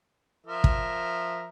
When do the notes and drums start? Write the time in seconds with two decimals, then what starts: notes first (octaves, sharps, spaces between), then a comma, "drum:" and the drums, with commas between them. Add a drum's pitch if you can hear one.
0.46 F3 A#4 E5
0.64 drum: kick